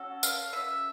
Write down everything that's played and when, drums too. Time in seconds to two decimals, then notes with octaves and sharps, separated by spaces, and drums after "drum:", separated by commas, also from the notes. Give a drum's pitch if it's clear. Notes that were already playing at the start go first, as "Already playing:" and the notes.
Already playing: C#4 F#4 A4
0.23 F5, drum: tambourine
0.53 E5